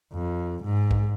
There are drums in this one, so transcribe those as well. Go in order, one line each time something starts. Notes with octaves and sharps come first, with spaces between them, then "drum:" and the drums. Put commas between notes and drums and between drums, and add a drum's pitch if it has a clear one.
F2
G#2
drum: kick A#1